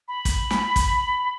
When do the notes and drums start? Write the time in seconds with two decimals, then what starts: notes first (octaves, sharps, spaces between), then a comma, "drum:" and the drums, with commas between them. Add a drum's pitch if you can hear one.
0.08 B5
0.25 drum: kick, hi-hat
0.50 drum: snare
0.76 drum: kick, hi-hat